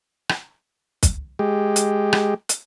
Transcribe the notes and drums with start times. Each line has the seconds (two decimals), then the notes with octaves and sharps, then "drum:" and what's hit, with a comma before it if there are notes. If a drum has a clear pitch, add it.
0.29 drum: rim click
1.03 drum: kick, hi-hat
1.39 G#3 G4
1.76 drum: hi-hat
2.13 drum: rim click
2.49 drum: hi-hat